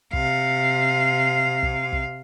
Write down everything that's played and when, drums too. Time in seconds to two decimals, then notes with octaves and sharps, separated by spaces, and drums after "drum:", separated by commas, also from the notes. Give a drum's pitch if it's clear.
0.13 C3 F5, drum: kick
1.63 drum: kick
1.93 drum: kick